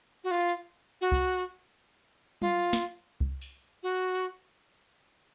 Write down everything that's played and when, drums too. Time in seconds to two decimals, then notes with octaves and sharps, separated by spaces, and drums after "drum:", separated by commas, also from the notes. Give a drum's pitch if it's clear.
0.24 F#4
0.31 F4
1.01 F#4
1.12 drum: kick C2
2.42 F4, drum: tom F#3
2.73 drum: snare
3.20 drum: kick C2
3.42 drum: open hi-hat
3.83 F#4